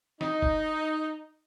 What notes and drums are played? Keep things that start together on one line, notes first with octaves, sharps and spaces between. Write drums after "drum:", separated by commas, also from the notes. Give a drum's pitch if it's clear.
D#4, drum: snare
drum: kick F#1